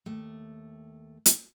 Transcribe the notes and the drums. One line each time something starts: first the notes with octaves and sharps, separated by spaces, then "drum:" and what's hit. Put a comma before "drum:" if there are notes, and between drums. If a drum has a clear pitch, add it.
D#2 A3
drum: hi-hat